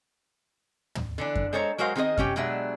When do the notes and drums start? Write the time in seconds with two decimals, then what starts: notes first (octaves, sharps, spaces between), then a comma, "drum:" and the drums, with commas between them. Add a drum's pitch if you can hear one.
0.95 drum: tom
1.18 D3 E3 D4
1.36 drum: kick F#2
1.53 G#3 A4 C5 C#5 A#5
1.78 F#3 G#3 F#4 A#4 C5 F5
1.95 D#3 C4 G#4 A#4 D#5
2.18 C3 C#4 G4 G5, drum: kick F#2
2.36 B2 F#3 G#3 D4 E5